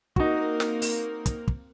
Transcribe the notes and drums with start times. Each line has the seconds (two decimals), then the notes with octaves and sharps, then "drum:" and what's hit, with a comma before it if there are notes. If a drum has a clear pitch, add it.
0.16 A#3 C4 D#4 F#4 A#4, drum: kick
0.60 drum: snare
0.82 drum: open hi-hat
1.26 drum: kick, hi-hat
1.48 drum: kick